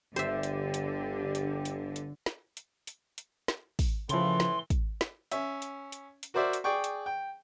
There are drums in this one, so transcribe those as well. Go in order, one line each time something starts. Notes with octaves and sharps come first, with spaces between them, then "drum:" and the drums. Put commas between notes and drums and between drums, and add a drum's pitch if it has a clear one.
G1 D3 G4 C5 E5
drum: hi-hat
drum: hi-hat
drum: hi-hat
drum: hi-hat
drum: hi-hat
drum: snare
drum: hi-hat
drum: hi-hat
drum: hi-hat
drum: snare
drum: kick, open hi-hat
A2 C#3 E3 F3 C6, drum: hi-hat
drum: snare
drum: kick, hi-hat
drum: snare
C#4 E5, drum: hi-hat
drum: hi-hat
drum: hi-hat
drum: hi-hat
F#4 A#4 C5 D5 E5
drum: hi-hat
G#4 D5 G5 C#6
drum: hi-hat
G5